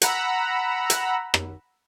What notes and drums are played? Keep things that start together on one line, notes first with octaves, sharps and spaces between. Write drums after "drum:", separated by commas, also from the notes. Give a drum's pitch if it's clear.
F#5 A#5 B5 E6, drum: hi-hat
drum: hi-hat
drum: rim click